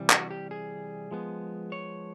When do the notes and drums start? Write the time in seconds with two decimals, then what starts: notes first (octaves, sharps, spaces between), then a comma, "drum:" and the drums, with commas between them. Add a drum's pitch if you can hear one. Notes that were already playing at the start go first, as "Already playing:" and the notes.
Already playing: C3 E3 G3
0.10 F#4, drum: clap
0.31 G4
0.51 G#4
1.11 F3 G#3 B3
1.72 C#5